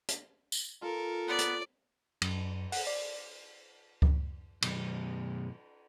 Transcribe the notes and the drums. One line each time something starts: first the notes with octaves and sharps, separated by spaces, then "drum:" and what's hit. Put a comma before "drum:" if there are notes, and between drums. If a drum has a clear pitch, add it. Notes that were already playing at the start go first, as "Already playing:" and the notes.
drum: hi-hat
drum: tambourine
F4 A4 A#4
B3 D5
drum: hi-hat
F#2, drum: cymbal
F#5, drum: open hi-hat
D5
drum: kick C#2
B1 F#2, drum: cymbal